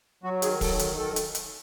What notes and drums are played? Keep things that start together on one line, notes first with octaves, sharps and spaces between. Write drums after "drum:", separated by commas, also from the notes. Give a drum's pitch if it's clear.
F#3 F#4
D#3 G#4, drum: hi-hat
F#3 A4, drum: kick, open hi-hat
D#3, drum: hi-hat
D#3 A4
drum: hi-hat
drum: hi-hat